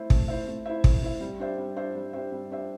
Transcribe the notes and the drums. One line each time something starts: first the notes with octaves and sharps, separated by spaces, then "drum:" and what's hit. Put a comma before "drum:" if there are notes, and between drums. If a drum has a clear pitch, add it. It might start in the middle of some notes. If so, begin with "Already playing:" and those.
Already playing: A3 E4 C5 E5
A3, drum: kick
E4 C5 E5
A3
E4 C5 E5
A3, drum: kick
E4 C5 E5
G3
D4 G4 C5 E5
G3
D4 G4 C5 E5
G3
D4 G4 C5 E5
G3
D4 G4 C5 E5